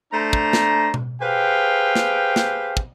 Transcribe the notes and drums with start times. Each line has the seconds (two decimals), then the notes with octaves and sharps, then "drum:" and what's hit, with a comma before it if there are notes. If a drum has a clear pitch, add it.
0.13 A3 D4 C5 A#5
0.33 drum: kick
0.53 drum: snare
0.94 drum: tom B2
1.21 G4 G#4 B4 C5 F5 G5
1.95 drum: snare
2.36 drum: snare
2.77 drum: kick